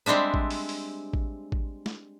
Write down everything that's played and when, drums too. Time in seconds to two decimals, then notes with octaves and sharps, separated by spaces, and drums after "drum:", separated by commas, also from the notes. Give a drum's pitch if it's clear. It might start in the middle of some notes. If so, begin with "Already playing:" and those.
0.06 G3 G#3 C4 D4 E5
0.34 drum: kick A1
0.51 drum: open hi-hat
0.69 drum: open hi-hat
1.13 drum: kick A1
1.52 drum: kick A1
1.86 drum: snare